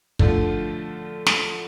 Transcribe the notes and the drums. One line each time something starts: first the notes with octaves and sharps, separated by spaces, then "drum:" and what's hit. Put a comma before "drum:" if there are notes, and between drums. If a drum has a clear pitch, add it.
D3 F3 A3 D4 F4, drum: kick
drum: snare